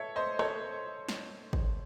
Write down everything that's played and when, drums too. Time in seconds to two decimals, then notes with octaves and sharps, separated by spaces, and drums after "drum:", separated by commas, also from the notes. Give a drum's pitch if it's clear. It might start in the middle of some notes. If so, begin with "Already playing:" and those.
Already playing: A4 C#5 E5
0.16 C5 D#5
0.39 A4 C#5, drum: rim click
1.09 drum: snare
1.53 drum: kick